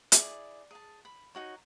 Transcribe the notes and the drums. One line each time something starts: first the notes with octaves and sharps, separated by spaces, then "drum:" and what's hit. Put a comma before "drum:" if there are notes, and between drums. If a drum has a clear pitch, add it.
E4 G#4 D5, drum: hi-hat
G#4 A5
B5
D#4 F#4 C#5